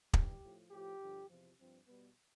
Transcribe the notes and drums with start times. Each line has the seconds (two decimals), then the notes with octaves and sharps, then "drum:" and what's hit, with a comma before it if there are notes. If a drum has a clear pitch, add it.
0.14 G2 E3 G3 G4, drum: kick
0.43 A2 F3
0.71 A2 F3 G4
1.01 G2 D3 F3
1.29 E2 C3 F3
1.58 G2 F3 C4
1.87 B2 G3 B3